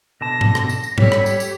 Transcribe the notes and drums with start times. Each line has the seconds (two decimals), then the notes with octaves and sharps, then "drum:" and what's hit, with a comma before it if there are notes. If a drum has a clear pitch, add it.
0.21 B2 D3 A5 A#6
0.41 drum: tom G#2
0.55 drum: rim click
0.69 drum: tambourine
0.83 drum: tambourine
0.98 G3 G4 A4 C#5 B6, drum: tom G#2
1.12 drum: rim click
1.26 drum: tambourine
1.40 drum: tambourine